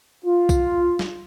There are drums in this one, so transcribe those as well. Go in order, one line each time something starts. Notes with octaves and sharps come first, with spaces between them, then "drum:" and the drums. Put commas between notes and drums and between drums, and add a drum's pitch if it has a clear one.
F4
drum: kick B1, tambourine
drum: snare